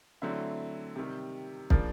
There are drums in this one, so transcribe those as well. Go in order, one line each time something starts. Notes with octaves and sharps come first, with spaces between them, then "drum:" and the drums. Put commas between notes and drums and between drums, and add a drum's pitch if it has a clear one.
D3 F#3 A3 C4 E4
C3 D#3 G3
C#3 F3 A#3 D4, drum: kick